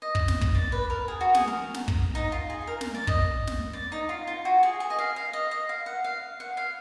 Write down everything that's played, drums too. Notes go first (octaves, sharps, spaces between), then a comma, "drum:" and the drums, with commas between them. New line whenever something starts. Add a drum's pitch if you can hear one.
D#5
drum: kick
drum: snare
drum: kick
D5
B4
A#4
G#4
F#4
G#4, drum: snare
A#4
drum: snare
drum: kick
D#4
F4
G#4
A#4
drum: snare
D5
D#5, drum: kick
drum: snare
D5
D#4
F4
F4
F#4
G#4
G#4
D#5
F5
F5
D#5
D#5
F5
F#5
F5
F#5
F5